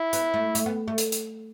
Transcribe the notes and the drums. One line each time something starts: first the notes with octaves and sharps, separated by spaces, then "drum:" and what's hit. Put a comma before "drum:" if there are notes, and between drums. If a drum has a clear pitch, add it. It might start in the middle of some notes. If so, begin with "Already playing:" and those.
Already playing: E4
B3, drum: hi-hat
A3
A3, drum: hi-hat
B3
A3
drum: hi-hat
drum: hi-hat